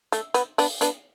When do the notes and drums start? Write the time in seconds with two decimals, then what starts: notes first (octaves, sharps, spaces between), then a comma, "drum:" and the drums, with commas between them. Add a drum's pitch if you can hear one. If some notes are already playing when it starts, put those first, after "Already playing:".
0.12 A3, drum: hi-hat
0.34 B3, drum: hi-hat
0.58 B3 D4, drum: open hi-hat
0.81 B3 D4, drum: hi-hat